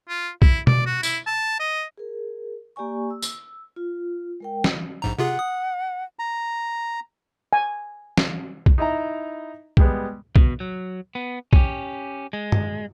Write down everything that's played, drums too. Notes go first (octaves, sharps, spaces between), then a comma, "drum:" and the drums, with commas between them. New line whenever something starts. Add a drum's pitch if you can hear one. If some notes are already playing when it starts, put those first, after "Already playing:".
F4
E4, drum: kick
D5, drum: tom B2
F#4
E4, drum: tambourine
A5
D#5
G#4 A#4
A#3 G4 D5 G#5 C#6
E6
drum: tambourine
F4
G#3 A#4 G5
drum: snare
A#1 G#2 A#5
C3 F4 G#4 F#5
D#6
A#5
G#5
drum: snare
drum: kick
D#4 E4 D#5 A#5
G3 G#3 B3, drum: kick
B2, drum: kick
F#3
B3
C#4 G4, drum: kick
G#3
drum: tom G2